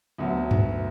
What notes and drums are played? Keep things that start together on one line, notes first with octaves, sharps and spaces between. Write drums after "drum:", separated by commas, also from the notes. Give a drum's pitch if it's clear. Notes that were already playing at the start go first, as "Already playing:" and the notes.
D2 D3 F#3 B3
drum: tom F#2